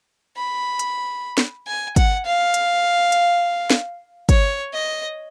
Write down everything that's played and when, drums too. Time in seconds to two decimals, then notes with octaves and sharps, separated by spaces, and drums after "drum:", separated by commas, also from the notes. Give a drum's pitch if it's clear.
0.36 B5
0.79 drum: hi-hat
1.38 drum: snare
1.67 G#5
1.96 F#5, drum: kick, hi-hat
2.25 F5
2.54 drum: hi-hat
3.12 drum: hi-hat
3.70 drum: snare
4.29 C#5, drum: kick, hi-hat
4.73 D#5